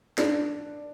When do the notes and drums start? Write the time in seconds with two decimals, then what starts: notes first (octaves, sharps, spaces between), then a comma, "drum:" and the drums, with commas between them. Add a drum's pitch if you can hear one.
0.18 D4, drum: snare